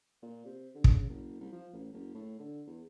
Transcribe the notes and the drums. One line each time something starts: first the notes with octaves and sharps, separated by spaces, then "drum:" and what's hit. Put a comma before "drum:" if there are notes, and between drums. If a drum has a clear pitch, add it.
A#2
C3
D3
drum: kick
C#3
F#1
C2
F3
A1
F#1
A2
D3
E2